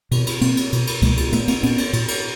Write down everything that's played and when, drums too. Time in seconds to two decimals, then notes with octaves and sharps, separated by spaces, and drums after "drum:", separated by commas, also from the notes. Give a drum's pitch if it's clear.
0.11 B2, drum: cymbal
0.27 drum: cymbal
0.41 B2 A#3 C4, drum: cymbal
0.57 drum: cymbal
0.73 B2, drum: cymbal
0.87 drum: cymbal
1.02 B2 G#3 A#3, drum: kick C#2, cymbal
1.17 drum: cymbal
1.32 A#2 A3 B3, drum: cymbal
1.48 A#3 C4, drum: cymbal
1.63 A#2 B3 C#4, drum: cymbal
1.78 drum: cymbal
1.93 A#2, drum: cymbal
2.08 drum: cymbal